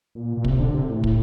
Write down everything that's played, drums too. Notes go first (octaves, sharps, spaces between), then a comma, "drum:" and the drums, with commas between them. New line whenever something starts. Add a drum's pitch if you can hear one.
A#2
A#2
C3, drum: kick
D3
C3
A2
drum: kick